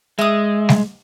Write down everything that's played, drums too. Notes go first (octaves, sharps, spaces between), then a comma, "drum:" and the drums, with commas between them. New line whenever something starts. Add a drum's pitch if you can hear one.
G#3 E5 D#6
drum: snare G3